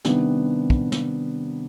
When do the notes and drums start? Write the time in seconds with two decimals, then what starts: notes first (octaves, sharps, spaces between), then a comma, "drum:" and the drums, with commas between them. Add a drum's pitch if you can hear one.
0.05 C3 D#3 G3 B3 D4, drum: snare
0.70 drum: kick
0.92 drum: snare